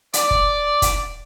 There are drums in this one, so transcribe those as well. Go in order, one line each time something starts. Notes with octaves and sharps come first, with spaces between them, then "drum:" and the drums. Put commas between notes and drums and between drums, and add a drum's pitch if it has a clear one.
D5, drum: hi-hat
drum: kick
drum: kick, hi-hat